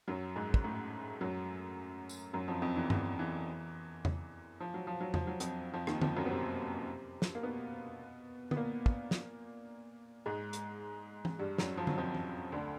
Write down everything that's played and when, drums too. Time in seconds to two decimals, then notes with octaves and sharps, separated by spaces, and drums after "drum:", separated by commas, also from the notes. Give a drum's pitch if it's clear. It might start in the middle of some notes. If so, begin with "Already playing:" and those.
0.08 F#2 F#3
0.36 G#2 G#3
0.54 drum: kick
0.64 A2 A3
1.21 F#2 F#3
2.09 drum: tambourine
2.33 F#2 F#3
2.48 F2 F3
2.62 F2 F3
2.76 E2 E3
2.90 E2 E3, drum: tom G2
3.19 E2 E3
4.05 drum: tom E2
4.60 F3
4.74 F#3
4.87 F3
5.01 F#3
5.14 F3, drum: tom E2
5.27 F#3
5.40 F2 F3, drum: hi-hat
5.73 F2 F3
5.87 D#2 D#3, drum: rim click
6.01 F2 F3, drum: tom
6.16 F#2 F#3
6.25 B3
6.30 C3 C4
7.22 drum: snare
7.35 A#3
7.43 B2 B3
8.51 B3, drum: tom
8.56 A#2 A#3
8.86 drum: kick
9.11 drum: snare
10.26 G#2 G#3
10.53 drum: hi-hat
11.25 drum: tom E3
11.39 G2 G3
11.58 F#2 F#3, drum: snare
11.77 F3
11.87 F#3, drum: tom
11.98 F2 F3
12.15 drum: tom E3
12.52 D2 D3